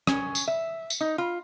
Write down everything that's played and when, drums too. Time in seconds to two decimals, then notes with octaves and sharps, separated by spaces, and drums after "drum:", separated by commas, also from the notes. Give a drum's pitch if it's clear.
0.07 C#4, drum: rim click
0.35 drum: tambourine
0.48 E5
0.90 drum: tambourine
1.01 D#4
1.18 F4